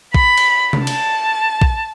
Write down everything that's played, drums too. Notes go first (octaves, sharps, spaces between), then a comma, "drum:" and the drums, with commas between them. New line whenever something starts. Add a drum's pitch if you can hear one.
B5, drum: kick
drum: cymbal
drum: tom C3
A5, drum: cymbal
drum: kick